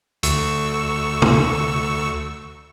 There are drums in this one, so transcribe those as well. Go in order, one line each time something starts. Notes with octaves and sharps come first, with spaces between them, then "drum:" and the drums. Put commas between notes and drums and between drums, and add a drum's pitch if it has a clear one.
D2 C#6 E6, drum: hi-hat
drum: tom